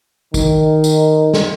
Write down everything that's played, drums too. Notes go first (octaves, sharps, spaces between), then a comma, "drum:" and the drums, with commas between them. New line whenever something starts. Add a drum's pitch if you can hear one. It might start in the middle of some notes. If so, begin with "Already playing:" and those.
D#3, drum: kick, tambourine
drum: tambourine
drum: snare